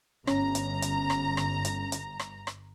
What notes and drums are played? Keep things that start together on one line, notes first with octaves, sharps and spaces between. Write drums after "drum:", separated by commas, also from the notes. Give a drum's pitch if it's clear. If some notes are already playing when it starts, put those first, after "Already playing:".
G1 C#4 A#5, drum: rim click
drum: hi-hat
drum: hi-hat
drum: rim click
drum: rim click
drum: hi-hat
drum: hi-hat
drum: rim click
drum: rim click